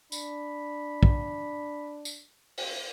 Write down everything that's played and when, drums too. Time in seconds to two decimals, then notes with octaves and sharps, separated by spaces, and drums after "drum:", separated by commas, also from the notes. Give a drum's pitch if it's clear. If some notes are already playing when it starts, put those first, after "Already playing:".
0.12 D4 B5, drum: tambourine
1.03 drum: kick
2.05 drum: tambourine
2.58 drum: open hi-hat